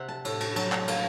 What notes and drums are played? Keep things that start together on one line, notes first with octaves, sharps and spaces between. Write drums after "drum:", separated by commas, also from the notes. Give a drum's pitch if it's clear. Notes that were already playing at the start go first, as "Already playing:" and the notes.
Already playing: C3 F#5
A5
A2, drum: cymbal
A5, drum: cymbal
F#3 A5, drum: cymbal
A#5, drum: clap
A#3 A5, drum: cymbal